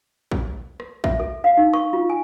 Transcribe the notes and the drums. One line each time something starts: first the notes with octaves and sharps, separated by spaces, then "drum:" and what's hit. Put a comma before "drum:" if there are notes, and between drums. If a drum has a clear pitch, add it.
drum: kick
drum: rim click
E5, drum: kick
A4
F5
D#4
C#6, drum: rim click
F4
G#5